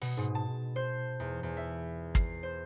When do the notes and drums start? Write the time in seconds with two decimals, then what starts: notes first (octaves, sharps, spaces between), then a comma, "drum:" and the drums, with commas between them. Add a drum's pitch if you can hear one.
0.01 B2, drum: open hi-hat
0.17 G#2
0.35 A5
0.76 C5
1.20 E2
1.43 E2
1.57 E5
2.15 C7, drum: kick
2.43 C5